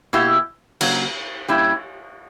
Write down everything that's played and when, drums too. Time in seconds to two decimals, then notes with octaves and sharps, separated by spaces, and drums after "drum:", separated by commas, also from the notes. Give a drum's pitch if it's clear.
0.13 B2 A#3 E4 G4
0.81 C#3 F#3 A#3, drum: cymbal
1.48 A#2 G3 C#4 E4 G4